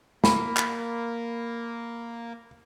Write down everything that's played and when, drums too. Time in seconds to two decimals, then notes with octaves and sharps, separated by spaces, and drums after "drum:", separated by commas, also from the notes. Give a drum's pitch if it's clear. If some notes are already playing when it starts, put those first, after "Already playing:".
0.24 A#3 B5, drum: snare
0.57 drum: clap